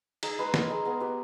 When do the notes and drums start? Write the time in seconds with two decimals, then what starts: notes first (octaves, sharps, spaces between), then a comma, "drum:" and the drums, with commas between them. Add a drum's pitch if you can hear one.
0.23 D#4 G#4, drum: cymbal
0.39 G#3 B4
0.54 G#3 A#4, drum: snare
0.70 G#3 G#4
0.85 B3 G#4
1.00 B3 G4